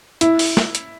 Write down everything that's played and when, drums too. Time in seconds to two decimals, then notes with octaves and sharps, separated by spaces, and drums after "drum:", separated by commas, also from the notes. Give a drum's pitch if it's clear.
0.21 E4, drum: hi-hat
0.39 drum: open hi-hat
0.57 drum: snare
0.75 drum: hi-hat